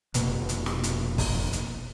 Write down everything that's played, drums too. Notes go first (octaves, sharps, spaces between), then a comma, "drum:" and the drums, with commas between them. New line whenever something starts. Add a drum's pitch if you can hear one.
F1 B2 A#3, drum: hi-hat
drum: hi-hat
drum: snare
drum: hi-hat
drum: kick, open hi-hat
drum: hi-hat